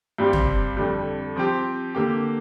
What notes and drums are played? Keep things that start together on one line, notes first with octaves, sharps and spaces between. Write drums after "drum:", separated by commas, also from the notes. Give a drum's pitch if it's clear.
G2 G3 C4 G4
drum: tom
F2 D3 G3
F3 C4 G4
D3 A#3 G4